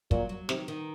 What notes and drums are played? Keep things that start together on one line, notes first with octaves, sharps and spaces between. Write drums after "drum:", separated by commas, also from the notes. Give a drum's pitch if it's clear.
A#2 F#3, drum: kick
F#3
C3 D#3, drum: snare
D#3